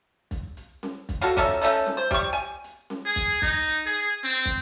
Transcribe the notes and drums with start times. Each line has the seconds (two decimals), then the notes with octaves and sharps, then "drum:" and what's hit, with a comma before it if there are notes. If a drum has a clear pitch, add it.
0.31 drum: kick, hi-hat
0.57 drum: hi-hat
0.83 drum: snare C#4
1.09 drum: kick, hi-hat
1.21 F4 F#4 A4
1.37 C#4 D#4 A4 E5, drum: kick, hi-hat
1.61 A3 C#4 D#4 A4, drum: hi-hat
1.86 drum: snare C#4
1.97 C5
2.11 G3 C#6, drum: kick, hi-hat
2.33 G#5
2.64 drum: hi-hat
2.90 drum: snare C#4
3.06 G#4
3.16 drum: kick, hi-hat
3.42 D#4, drum: kick, hi-hat
3.68 drum: hi-hat
3.86 G#4
4.24 C4
4.45 drum: kick, hi-hat